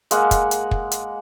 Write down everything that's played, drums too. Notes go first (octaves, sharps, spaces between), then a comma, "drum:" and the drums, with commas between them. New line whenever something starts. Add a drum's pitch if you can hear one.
G#3 A#3 F#5, drum: hi-hat
drum: kick, hi-hat
drum: hi-hat
drum: kick
drum: hi-hat